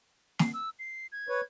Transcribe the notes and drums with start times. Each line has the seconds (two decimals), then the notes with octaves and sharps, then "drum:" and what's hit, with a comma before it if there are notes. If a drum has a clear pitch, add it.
0.39 C7, drum: snare
0.53 E6
0.79 C7
1.12 G#6
1.29 B4 C#5